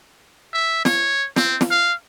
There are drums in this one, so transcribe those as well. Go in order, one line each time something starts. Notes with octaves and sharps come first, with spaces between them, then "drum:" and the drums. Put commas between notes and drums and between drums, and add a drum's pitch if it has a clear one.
E5
C#5, drum: snare
C4, drum: snare
drum: snare
F5